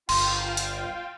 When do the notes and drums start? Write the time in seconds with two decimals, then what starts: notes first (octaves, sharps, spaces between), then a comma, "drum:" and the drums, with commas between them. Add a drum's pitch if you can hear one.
0.09 G1 F4 F5 G5 C6, drum: cymbal
0.57 drum: hi-hat